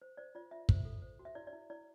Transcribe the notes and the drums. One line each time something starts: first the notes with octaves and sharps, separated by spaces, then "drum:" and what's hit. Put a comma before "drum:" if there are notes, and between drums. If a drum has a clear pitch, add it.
C5
C5 D5
F4 D5
F4 E5
C5, drum: kick
A4
C5
F#4
E5
E4 D5
D5
E4
E4 D5